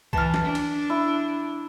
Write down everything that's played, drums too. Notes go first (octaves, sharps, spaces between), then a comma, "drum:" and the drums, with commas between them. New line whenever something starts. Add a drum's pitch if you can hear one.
E3 A5 F6, drum: kick C2
drum: snare
D4
drum: cymbal
E4